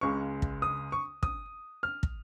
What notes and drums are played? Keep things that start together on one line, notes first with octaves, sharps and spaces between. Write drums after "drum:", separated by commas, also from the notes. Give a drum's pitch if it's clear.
C#2 C#3 G#3 C#6
drum: kick
D#6
C#6
D#6, drum: kick
F6
drum: kick